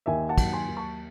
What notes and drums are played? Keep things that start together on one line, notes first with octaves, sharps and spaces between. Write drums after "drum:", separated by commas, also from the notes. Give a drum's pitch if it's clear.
D#2 E5 G#5
F#5 A5
F#3, drum: kick, cymbal
G#5 C6
D#2
A5 C#6